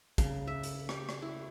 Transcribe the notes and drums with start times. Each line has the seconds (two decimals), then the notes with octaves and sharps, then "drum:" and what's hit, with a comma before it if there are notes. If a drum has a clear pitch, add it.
0.18 C#3, drum: kick, hi-hat
0.47 E5
0.63 drum: hi-hat
0.89 G4, drum: rim click
1.09 drum: rim click
1.22 E4